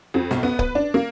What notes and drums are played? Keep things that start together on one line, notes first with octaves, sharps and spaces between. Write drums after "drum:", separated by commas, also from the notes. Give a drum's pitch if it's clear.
F2
B1, drum: snare
B3
B4, drum: kick C#1
D4
A#3